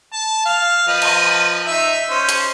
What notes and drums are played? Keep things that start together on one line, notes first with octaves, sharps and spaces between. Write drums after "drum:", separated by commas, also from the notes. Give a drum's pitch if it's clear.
A5
F5
F3 B4 D#5
drum: cymbal
D#4 E5
C#4 C5
drum: hi-hat